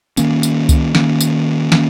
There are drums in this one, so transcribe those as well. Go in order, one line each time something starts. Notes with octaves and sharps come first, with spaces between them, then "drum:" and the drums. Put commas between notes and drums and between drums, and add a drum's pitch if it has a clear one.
D#3 A#3 C#4, drum: tambourine
drum: tambourine
drum: kick C#2, tambourine
D#3 A#3 C#4, drum: snare
drum: tambourine
D#3 A#3 C#4, drum: snare